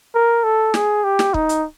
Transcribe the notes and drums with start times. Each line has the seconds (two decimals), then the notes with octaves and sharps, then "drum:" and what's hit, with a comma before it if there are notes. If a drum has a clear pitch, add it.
0.15 A#4
0.44 A4
0.74 G#4, drum: snare
1.04 G4
1.19 drum: snare
1.34 D#4, drum: kick
1.49 drum: hi-hat